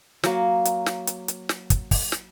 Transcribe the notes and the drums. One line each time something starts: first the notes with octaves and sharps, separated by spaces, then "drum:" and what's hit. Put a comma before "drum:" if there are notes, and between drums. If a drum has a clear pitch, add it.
F#3 A#3, drum: snare
drum: hi-hat
drum: snare
drum: hi-hat
drum: hi-hat
drum: snare
drum: kick, hi-hat
drum: kick, open hi-hat
drum: snare